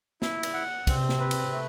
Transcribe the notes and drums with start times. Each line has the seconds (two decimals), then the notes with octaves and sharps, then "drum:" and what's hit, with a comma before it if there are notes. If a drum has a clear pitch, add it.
0.22 E4, drum: snare
0.43 drum: cymbal
0.54 F#5
0.87 C3 C4, drum: kick, cymbal
1.09 drum: snare
1.20 B4
1.31 drum: cymbal
1.52 A3